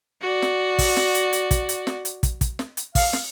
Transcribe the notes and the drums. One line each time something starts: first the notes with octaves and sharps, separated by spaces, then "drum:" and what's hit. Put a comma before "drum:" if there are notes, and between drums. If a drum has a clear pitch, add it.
F#4 D5
drum: snare
drum: kick, open hi-hat
drum: snare
drum: hi-hat
drum: hi-hat
drum: kick, hi-hat
drum: hi-hat
drum: snare
drum: hi-hat
drum: kick, hi-hat
drum: kick, hi-hat
drum: snare
drum: hi-hat
F5, drum: kick, open hi-hat
drum: snare